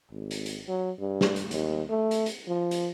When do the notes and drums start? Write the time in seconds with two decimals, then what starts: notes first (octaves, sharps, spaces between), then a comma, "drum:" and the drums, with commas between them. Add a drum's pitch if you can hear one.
0.12 G#1
0.31 drum: hi-hat
0.46 drum: hi-hat
0.68 F#3
0.99 G2
1.21 drum: snare
1.36 drum: hi-hat
1.51 D#2, drum: hi-hat
1.89 A3
2.11 drum: hi-hat
2.26 drum: hi-hat
2.48 F3
2.71 drum: hi-hat